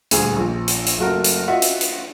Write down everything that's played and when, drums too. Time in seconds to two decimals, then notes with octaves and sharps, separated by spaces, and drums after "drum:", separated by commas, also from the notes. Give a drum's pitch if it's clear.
0.11 D#1 D2 G#4, drum: hi-hat
0.37 A#1
0.68 drum: hi-hat
0.87 drum: hi-hat
0.98 F#1 A3 F#4 A#4
1.24 drum: hi-hat
1.48 F4 F#4 D#5 E5 F#5
1.62 drum: hi-hat
1.81 drum: hi-hat